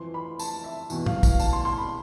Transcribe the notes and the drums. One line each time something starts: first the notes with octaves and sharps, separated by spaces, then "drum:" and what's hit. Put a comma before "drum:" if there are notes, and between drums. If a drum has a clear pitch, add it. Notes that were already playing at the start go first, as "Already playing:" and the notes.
Already playing: F2 E3 C6
B5
A5, drum: tambourine
E5
E2 B2, drum: tambourine
F5, drum: tom A2
F5, drum: kick, tambourine
A5, drum: tambourine
C6
C6
B5